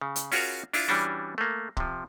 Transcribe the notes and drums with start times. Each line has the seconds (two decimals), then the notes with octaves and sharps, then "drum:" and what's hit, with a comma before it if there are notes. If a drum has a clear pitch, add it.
0.01 C#3
0.16 drum: hi-hat
0.32 C#4 F4 F#4 G#4 A#4 C#5, drum: open hi-hat
0.74 D4 E4 F4, drum: open hi-hat
0.88 E3 G3 C#4 D4 F#4
1.38 A3 A#3
1.77 C3 F3, drum: kick